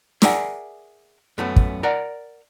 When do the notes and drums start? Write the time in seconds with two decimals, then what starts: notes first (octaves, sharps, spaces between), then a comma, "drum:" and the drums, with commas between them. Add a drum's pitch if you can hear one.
0.22 G#4 A#4 D5 E5 F#5 G#5, drum: snare
1.38 F#2 A3 B3
1.56 drum: kick
1.83 A#4 D5 F#5